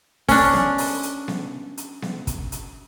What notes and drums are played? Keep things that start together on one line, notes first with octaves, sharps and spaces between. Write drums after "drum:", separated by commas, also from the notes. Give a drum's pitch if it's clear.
C#4 D4, drum: kick, open hi-hat
drum: snare B3
drum: open hi-hat
drum: hi-hat
drum: snare B3
drum: hi-hat
drum: snare B3
drum: kick, hi-hat
drum: hi-hat